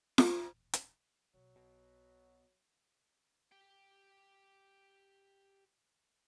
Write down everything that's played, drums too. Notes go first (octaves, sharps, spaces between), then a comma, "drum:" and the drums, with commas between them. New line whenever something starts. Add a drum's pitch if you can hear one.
D#1 A1, drum: snare
drum: hi-hat
B1 F#3
B2
G4 G5